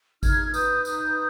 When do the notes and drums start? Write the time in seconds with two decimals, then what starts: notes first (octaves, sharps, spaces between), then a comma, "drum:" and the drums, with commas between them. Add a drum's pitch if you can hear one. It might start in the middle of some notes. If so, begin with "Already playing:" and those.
0.23 D#4 F6 G#6, drum: kick G#1, tambourine
0.47 F6
0.54 B4 D#6 G6, drum: tambourine
0.85 D#4 D#6 G6, drum: tambourine